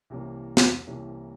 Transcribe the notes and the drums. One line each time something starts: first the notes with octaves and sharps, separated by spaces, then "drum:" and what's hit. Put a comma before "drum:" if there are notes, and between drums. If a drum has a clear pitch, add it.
C2 C3 E3 A#3 C#4
drum: snare
C2 C3 E3 A#3 C#4